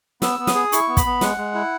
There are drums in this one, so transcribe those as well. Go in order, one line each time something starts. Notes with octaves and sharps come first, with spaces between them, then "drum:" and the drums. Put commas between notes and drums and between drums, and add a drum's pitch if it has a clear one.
B3 E6, drum: snare
B3
D#6, drum: snare
G#4
E4 C#6, drum: hi-hat
B3
B5, drum: kick, hi-hat
B3
G#3 F#5, drum: snare
G#3
E4